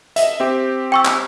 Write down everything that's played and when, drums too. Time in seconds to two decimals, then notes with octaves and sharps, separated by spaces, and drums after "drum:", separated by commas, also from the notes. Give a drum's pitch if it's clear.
0.16 D#5 E5, drum: hi-hat
0.40 C4 G4
0.92 G5 C#6 E6
1.05 drum: clap